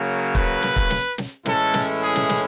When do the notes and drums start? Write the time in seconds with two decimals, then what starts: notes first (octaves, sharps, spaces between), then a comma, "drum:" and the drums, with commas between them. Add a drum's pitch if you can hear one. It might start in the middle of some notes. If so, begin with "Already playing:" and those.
Already playing: C#3 F#3 A#3
0.35 B4, drum: kick
0.62 drum: snare
0.76 drum: kick
0.90 drum: snare
1.18 drum: snare
1.46 A2 E3 G#3 C#4 E4 A4, drum: snare
1.74 drum: snare
2.02 G#4
2.15 drum: snare
2.29 drum: snare